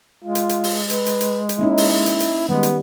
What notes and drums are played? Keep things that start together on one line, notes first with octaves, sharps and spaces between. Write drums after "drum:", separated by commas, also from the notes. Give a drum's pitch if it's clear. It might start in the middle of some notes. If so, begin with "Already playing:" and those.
G#3 F4
drum: hi-hat
drum: hi-hat
drum: open hi-hat
B4, drum: hi-hat
drum: hi-hat
drum: hi-hat
drum: hi-hat
A#3 C#4 D#4 E4
drum: open hi-hat
drum: hi-hat
drum: hi-hat
D#3 G3 G#3 B3
drum: hi-hat